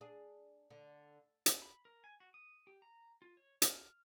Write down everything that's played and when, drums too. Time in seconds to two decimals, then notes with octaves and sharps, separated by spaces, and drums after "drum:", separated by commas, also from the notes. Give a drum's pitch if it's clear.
0.01 D4 G#4
0.70 D3
1.46 drum: hi-hat
1.62 B5
1.85 A#4
2.04 G#5
2.20 F#4
2.34 D#6
2.67 G4
2.82 A#5
3.22 F4
3.37 C#5
3.62 F6, drum: hi-hat